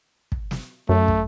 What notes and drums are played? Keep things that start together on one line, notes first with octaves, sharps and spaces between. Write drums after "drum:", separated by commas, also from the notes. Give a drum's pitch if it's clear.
drum: kick
drum: snare
F#2 A3
drum: kick